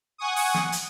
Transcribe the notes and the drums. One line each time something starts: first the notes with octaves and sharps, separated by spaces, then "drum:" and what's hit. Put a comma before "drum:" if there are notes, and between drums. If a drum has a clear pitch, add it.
F#5 G#5 C#6 D#6
drum: open hi-hat
drum: snare
drum: hi-hat